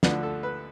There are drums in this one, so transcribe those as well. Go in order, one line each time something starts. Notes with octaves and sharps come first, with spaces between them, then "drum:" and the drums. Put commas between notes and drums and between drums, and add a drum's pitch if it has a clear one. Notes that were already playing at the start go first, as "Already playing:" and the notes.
D2 D3 F3 B4, drum: snare
A4
B4